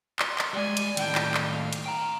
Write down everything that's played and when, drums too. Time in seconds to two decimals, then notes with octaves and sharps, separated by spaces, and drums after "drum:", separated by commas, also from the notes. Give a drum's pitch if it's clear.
0.19 C6, drum: clap
0.38 drum: clap
0.53 G3 G#3 D5 G#5
0.77 drum: hi-hat
0.97 D#2 A2 G5, drum: hi-hat
1.15 drum: clap
1.34 drum: clap
1.50 F5
1.73 drum: hi-hat
1.86 G5 A#5